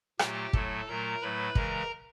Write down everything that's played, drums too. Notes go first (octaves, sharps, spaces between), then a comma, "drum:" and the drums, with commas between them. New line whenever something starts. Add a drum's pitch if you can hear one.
A#2 F#3 A3 G4 G5, drum: rim click
A2 F#3 A3 A4 A5, drum: kick
A#2 F#3 A3 A#4 A#5
A2 F#3 A3 B4 B5
C#3 E3 G#3 A#4 A#5, drum: kick